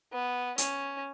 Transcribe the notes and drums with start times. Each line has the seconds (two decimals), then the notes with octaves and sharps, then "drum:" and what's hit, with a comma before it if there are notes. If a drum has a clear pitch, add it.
0.13 B3
0.58 C#4, drum: hi-hat